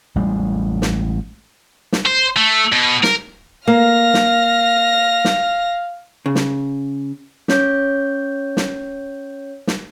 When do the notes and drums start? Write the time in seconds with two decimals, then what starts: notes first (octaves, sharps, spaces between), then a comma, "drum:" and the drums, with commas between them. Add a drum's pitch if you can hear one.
0.16 A1 G3 G#3
0.82 drum: snare
1.92 drum: snare
2.06 C5
2.37 A3
2.72 B2
3.03 A#4, drum: snare
3.68 A#3 F5 F6 A#6
4.14 drum: snare
5.25 drum: snare
6.26 C#3
6.35 drum: snare
7.48 C#4 C#5 G6, drum: snare
8.57 drum: snare
9.67 drum: snare